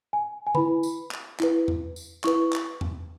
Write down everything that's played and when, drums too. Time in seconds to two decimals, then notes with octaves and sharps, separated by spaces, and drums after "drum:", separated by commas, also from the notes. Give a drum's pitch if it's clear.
0.13 G#5
0.47 G#5
0.55 E4 B4 B5, drum: tom D3
0.83 drum: tambourine
1.11 drum: clap
1.40 E4 B4, drum: clap
1.68 drum: tom E2
1.96 drum: tambourine
2.24 E4 B4 C#6, drum: clap
2.53 drum: clap
2.81 drum: tom E2